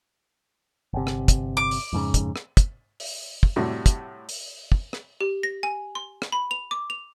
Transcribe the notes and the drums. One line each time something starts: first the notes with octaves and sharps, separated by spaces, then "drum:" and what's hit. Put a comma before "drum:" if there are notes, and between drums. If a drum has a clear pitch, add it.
G1 C3
drum: rim click
drum: kick, hi-hat
D6
drum: open hi-hat
F2 G#2 C#3
drum: kick, hi-hat
drum: rim click
drum: kick, hi-hat
drum: open hi-hat
drum: kick
A2 C3 G3 F#4
drum: kick, hi-hat
drum: open hi-hat
drum: kick
drum: rim click
G4
A#6
G#5
C6
drum: rim click
B5
F7
D6
F7